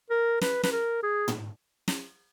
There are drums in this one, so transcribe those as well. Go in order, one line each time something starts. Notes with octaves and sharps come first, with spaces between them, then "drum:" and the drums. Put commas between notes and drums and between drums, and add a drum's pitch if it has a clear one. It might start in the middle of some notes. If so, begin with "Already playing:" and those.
A#4
B4, drum: snare
B4, drum: snare
A#4
G#4
drum: tom
drum: snare